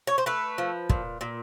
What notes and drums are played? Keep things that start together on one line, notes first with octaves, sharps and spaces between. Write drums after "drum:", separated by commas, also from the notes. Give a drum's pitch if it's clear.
C#5
C5
A3 B4
F3
A#2, drum: kick
A#2